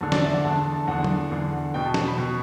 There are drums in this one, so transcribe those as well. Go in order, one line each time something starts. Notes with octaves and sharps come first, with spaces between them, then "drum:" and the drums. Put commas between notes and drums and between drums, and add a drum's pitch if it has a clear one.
E2 D3 A5
D5, drum: snare
E5
F#5
E2 D3 A5
A5
E2 D3 F#5
drum: tom
E2 D3
E2 B2 G5
A5
drum: snare
B5
B2